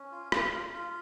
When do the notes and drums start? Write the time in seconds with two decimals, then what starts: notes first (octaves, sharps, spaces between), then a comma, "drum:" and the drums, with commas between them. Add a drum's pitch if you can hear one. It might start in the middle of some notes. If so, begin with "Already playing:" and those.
Already playing: C#4
0.12 F4
0.32 F4, drum: rim click
0.53 F4
0.73 F4